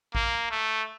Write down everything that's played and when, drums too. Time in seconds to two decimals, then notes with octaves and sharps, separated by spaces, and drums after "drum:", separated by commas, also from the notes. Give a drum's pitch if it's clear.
0.15 A#3, drum: kick A1
0.51 A3